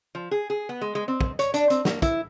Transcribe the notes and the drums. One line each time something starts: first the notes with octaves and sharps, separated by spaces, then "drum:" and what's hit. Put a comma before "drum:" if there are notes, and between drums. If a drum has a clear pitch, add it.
F3
G#4
G#4
B3
G#3
G#3
C4
drum: kick
C#5, drum: hi-hat
D4, drum: hi-hat
C4, drum: hi-hat
A#3, drum: snare
E4, drum: kick, hi-hat